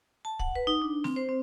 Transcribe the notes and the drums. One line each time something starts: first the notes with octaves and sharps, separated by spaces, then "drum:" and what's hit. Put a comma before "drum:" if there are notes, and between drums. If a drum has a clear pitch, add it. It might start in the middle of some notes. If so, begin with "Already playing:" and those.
A5
F#5, drum: kick
B4
D#4
D4
C4, drum: snare
C5
C4